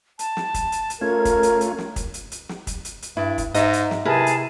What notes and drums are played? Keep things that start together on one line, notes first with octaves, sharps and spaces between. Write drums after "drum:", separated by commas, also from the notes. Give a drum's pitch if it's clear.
A5, drum: hi-hat
drum: snare
drum: kick, hi-hat
drum: hi-hat
drum: hi-hat
A3 C#4 F4 A#4 G#6
drum: kick, hi-hat
drum: hi-hat
drum: hi-hat
drum: snare
drum: kick, hi-hat
drum: hi-hat
drum: hi-hat
drum: snare
drum: kick, hi-hat
drum: hi-hat
drum: hi-hat
G2 E4
drum: kick, hi-hat
G#2 D#5 E5, drum: hi-hat
drum: hi-hat
drum: snare
C3 E4 G#4 A#4 B4 G#5 A5
drum: hi-hat